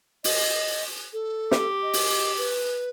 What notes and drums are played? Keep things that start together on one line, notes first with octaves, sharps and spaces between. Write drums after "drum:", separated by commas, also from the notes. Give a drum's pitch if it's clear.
D#5, drum: open hi-hat
A4
G4, drum: snare
D#5
drum: open hi-hat
B4